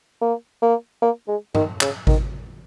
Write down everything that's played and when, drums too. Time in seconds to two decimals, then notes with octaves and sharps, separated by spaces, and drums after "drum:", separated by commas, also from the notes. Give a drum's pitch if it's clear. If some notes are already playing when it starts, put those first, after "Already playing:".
0.21 A#3
0.62 A#3
1.02 A#3
1.28 G#3
1.55 D#3, drum: tom G2
1.81 C#3, drum: clap
2.07 D#3, drum: kick G#1